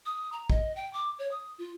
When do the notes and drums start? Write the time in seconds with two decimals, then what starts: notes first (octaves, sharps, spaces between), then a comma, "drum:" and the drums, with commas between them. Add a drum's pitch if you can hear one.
0.06 D#6
0.32 A#5
0.50 D#5, drum: kick
0.76 G5
0.93 D6
1.19 C#5
1.31 D#6
1.58 F4